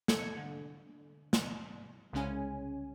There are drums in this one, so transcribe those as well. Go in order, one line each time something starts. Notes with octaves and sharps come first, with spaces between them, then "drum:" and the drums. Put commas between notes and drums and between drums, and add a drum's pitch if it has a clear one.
A4 G#6 C#7, drum: snare
D3
drum: snare
C2 C#3 G#3 C#4 G#5